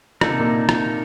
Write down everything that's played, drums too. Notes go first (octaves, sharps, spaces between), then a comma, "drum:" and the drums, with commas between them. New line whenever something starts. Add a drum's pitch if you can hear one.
D3 A#3 D#4 A4, drum: rim click
C3
A#2
drum: rim click